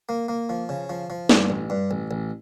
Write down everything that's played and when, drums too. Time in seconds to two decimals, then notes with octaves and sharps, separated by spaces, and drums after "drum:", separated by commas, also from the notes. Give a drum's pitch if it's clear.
0.09 A#3
0.29 A#3
0.49 F3
0.69 C#3
0.90 F3
1.10 F3
1.29 G2, drum: snare
1.50 A1
1.70 G2
1.91 A1
2.11 A1